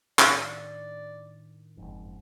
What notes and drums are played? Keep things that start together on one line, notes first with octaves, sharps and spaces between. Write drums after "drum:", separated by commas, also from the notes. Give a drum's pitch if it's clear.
A2 D#3 D4 D5, drum: clap
F#1 F2 G#2